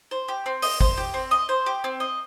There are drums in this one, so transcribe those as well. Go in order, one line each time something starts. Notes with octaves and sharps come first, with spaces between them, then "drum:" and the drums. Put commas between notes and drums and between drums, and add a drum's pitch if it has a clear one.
C5
G4
C4
D#5, drum: open hi-hat
C5, drum: kick
G4
C4
D#5
C5
G4
C4
D#5